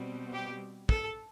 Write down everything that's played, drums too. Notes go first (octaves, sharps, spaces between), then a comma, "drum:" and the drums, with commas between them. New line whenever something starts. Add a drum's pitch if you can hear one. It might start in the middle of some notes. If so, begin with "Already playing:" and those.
Already playing: B2 G3 C4
G4
A4, drum: kick